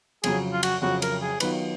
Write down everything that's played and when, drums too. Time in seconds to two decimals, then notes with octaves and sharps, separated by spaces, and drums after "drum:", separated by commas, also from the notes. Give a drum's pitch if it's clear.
0.24 F2 C#3 F#3 G#4, drum: cymbal
0.53 F4
0.63 F#4, drum: cymbal
0.82 F2 C#3 F#3 F#4
1.02 A#4, drum: cymbal
1.21 G#4
1.40 D#3 F#3 B3 F4 B4, drum: cymbal